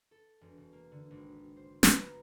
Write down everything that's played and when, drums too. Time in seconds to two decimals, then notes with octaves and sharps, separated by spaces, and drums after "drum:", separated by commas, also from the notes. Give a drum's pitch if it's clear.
0.11 A4
0.41 E1
0.57 B2
0.73 A#3
0.92 D3
1.10 G#1
1.57 C5
1.83 B3, drum: snare
2.06 A#5